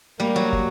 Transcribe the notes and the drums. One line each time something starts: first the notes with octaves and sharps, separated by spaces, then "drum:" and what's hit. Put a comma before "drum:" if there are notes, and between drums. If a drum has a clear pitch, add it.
G3 A#3
F#3
drum: kick